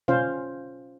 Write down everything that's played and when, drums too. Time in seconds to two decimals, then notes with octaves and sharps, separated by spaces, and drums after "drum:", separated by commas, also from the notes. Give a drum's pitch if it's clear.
0.08 C#4 F4 C5 F5, drum: tom B2